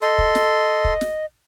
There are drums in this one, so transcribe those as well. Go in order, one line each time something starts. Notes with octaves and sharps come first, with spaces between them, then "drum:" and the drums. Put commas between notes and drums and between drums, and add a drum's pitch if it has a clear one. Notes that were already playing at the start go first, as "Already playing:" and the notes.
A4 D#5 C6
drum: kick
drum: snare
drum: kick
drum: snare